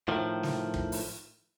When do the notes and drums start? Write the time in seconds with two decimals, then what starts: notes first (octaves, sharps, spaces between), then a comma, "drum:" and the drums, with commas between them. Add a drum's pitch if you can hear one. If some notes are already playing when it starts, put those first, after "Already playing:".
0.08 A2 D#3 F3
0.43 drum: snare
0.74 drum: kick
0.92 drum: open hi-hat